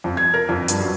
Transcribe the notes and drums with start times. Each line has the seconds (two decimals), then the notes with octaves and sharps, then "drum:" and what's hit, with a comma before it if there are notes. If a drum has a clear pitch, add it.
0.04 F2
0.17 G#6
0.34 A#4
0.49 F2
0.68 G2, drum: hi-hat
0.80 F#2